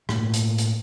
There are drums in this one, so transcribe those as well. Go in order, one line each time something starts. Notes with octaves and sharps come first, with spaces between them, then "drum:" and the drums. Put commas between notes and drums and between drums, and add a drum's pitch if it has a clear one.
A2 A3 A#3, drum: rim click
drum: hi-hat
drum: hi-hat